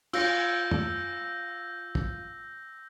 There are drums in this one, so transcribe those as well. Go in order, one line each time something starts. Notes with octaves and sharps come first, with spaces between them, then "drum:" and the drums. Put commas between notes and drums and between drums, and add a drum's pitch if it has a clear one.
F4 E6 G6 A#6, drum: cymbal
drum: tom
drum: kick